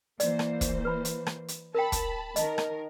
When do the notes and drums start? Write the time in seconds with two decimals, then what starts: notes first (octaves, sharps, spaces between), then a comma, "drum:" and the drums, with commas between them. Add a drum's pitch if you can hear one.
0.20 E3 A#3 C5 D5, drum: hi-hat
0.39 drum: rim click
0.61 drum: kick, hi-hat
0.85 B4 B5
1.05 drum: hi-hat
1.27 drum: rim click
1.48 drum: hi-hat
1.75 A#4 G5 A5 B5
1.92 drum: kick, hi-hat
2.36 D#3 A#4 D#5 A5, drum: hi-hat
2.58 drum: rim click